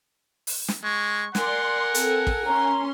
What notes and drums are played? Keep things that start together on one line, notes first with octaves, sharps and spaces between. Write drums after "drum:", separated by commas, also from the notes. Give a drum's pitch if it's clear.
drum: open hi-hat
drum: snare
G#3 C#6
A#4 D5 F#5 G#5 C6, drum: snare
C4 A4, drum: hi-hat
drum: kick
C#4 A#5 C6